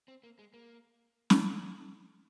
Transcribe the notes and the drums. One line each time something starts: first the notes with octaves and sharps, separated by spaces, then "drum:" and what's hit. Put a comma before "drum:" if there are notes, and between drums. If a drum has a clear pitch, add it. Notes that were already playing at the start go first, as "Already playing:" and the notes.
C4
A#3
G#3
A#3
drum: snare